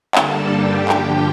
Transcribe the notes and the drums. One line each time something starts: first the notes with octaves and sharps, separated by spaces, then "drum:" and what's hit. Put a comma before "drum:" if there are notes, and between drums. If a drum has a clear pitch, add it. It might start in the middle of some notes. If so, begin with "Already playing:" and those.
G2 D3 G3 A#3 D4 A4 A5, drum: clap
G4 G5
G2 D3 F3, drum: clap